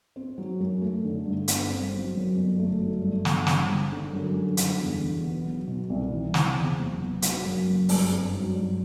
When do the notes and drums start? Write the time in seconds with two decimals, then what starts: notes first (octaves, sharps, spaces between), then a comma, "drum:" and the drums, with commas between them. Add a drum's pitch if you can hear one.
0.16 C4
0.38 F#3
0.60 F#2
0.82 A3
1.04 D3
1.26 G2
1.48 G1, drum: hi-hat
1.70 C4
1.92 F#3
2.14 F#2
2.37 G1
2.59 A3
2.80 F#3
3.02 G2
3.25 G1, drum: snare
3.47 C4, drum: snare
3.68 G3
3.92 D3
4.13 F#2
4.35 G3
4.57 D3, drum: hi-hat
4.79 E2
5.01 E1
5.24 B3
5.45 F#3
5.67 B2
5.90 C2
6.12 E3
6.34 C3, drum: snare
6.57 E2
6.79 F#1
7.00 B3
7.22 F#3, drum: hi-hat
7.45 F#2
7.67 F#1
7.89 G2, drum: open hi-hat
8.12 C4
8.33 F#3
8.56 G2